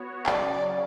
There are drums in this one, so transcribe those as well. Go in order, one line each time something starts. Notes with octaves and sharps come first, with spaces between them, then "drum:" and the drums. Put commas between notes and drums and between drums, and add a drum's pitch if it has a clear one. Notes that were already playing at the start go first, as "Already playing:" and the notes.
Already playing: B3 F#4 C#5
C#3 F#3 C#4 D5, drum: clap